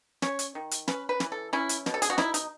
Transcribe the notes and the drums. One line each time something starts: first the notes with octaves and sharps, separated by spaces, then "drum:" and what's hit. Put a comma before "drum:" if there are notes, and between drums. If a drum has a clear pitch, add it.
C#4 C#5, drum: snare
drum: hi-hat
D#3
drum: hi-hat
C#4 B4, drum: snare
B4
E3, drum: snare
A4
C#4 E4
drum: hi-hat
B2, drum: snare
A4
G#4, drum: hi-hat
F#4
D#4 E4, drum: snare
D#4, drum: hi-hat